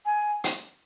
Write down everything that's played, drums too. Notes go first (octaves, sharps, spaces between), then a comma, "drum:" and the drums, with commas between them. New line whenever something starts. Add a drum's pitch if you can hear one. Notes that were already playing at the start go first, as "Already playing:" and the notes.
G#5
drum: hi-hat